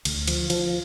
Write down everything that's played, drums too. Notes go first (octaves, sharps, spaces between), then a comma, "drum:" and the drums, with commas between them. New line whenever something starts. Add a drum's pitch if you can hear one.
D2, drum: cymbal
F3, drum: cymbal
F3, drum: cymbal